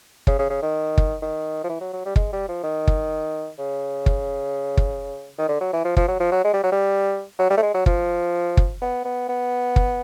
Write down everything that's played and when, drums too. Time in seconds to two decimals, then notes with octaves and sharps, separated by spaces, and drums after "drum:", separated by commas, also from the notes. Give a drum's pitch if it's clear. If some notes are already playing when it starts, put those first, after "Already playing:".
0.27 C#3, drum: kick
0.39 C#3
0.49 C#3
0.62 D#3
0.98 drum: kick
1.22 D#3
1.64 F3
1.69 E3
1.80 F#3
1.93 F#3
2.05 G3
2.16 G#3, drum: kick
2.33 G3
2.48 F3
2.63 D#3
2.87 drum: kick
3.59 C#3
4.06 drum: kick
4.77 drum: kick
5.38 D#3
5.48 D3
5.60 F#3
5.73 E3
5.84 F3
5.97 F3, drum: kick
6.08 F#3
6.19 F3
6.32 F#3
6.44 G#3
6.53 G3
6.63 F#3
6.72 G3
7.39 F#3
7.50 G3
7.57 A3
7.62 G#3
7.74 F#3
7.86 F3, drum: kick
8.57 drum: kick
8.81 B3
9.04 B3
9.29 B3
9.76 drum: kick